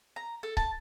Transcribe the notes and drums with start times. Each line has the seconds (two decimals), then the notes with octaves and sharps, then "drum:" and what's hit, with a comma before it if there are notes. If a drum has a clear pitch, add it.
0.16 A#5
0.43 A4
0.57 A5, drum: kick C#1